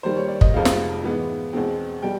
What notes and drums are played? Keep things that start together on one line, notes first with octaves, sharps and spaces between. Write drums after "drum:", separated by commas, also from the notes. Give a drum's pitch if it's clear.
D#2 D#3 G3 C5
C#5
D5
D#5, drum: kick
F1 F2 C3 F3 G#3 F5
drum: snare
G#2 E3 G#3 B3
E2 B2 G#3 C4
B2 G3 G5